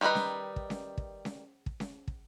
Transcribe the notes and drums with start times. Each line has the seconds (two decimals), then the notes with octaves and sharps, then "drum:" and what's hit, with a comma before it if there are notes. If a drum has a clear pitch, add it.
0.01 D#3 G3 A3 D#4 B4
0.15 drum: snare C#4
0.56 drum: kick
0.70 drum: snare C#4
0.98 drum: kick
1.25 drum: snare C#4
1.66 drum: kick
1.80 drum: snare C#4
2.08 drum: kick